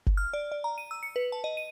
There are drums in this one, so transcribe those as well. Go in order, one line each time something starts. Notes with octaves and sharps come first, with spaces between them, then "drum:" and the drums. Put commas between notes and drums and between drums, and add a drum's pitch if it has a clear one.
drum: kick F#1
F6
D5
D5
A#5
D#7
E6
C#7
B4
A5
D#5
D#7